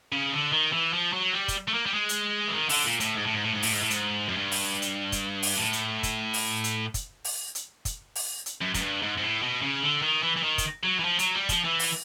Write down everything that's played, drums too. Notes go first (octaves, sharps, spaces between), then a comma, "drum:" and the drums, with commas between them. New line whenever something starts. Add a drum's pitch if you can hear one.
C#3
D3
D#3
E3
F3
F#3
G3
drum: kick, hi-hat
A3
A#3
G3
G#3
drum: hi-hat
E3
D#3
D3, drum: open hi-hat
A#2
A2, drum: hi-hat
G#2
A2
G#2
A2
G#2
A2, drum: open hi-hat
G#2
A2
G#2, drum: hi-hat
F#2
G2
drum: open hi-hat
drum: hi-hat
drum: kick, hi-hat
drum: open hi-hat
A2
drum: hi-hat
drum: kick, hi-hat
drum: open hi-hat
drum: hi-hat
drum: kick, hi-hat
drum: open hi-hat
drum: hi-hat
drum: kick, hi-hat
drum: open hi-hat
drum: hi-hat
F#2
F#2, drum: kick, hi-hat
G2
G#2
G#2
A2
B2
C#3
D3
D#3
E3
E3
D#3
drum: kick, hi-hat
F#3
E3
F3
F#3, drum: hi-hat
G3
F3, drum: kick, hi-hat
E3
drum: open hi-hat